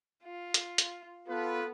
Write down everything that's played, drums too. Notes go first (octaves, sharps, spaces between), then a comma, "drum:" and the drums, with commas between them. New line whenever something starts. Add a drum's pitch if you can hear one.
F4
drum: hi-hat
drum: hi-hat
B3 F4 A4 B4